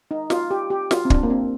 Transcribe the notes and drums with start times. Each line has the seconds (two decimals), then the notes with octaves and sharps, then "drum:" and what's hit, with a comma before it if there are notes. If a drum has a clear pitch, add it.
0.11 D#4
0.30 F4, drum: snare
0.51 G4
0.70 G4
0.91 F4, drum: snare
1.05 C4
1.10 D4, drum: kick
1.23 A#3
1.30 C4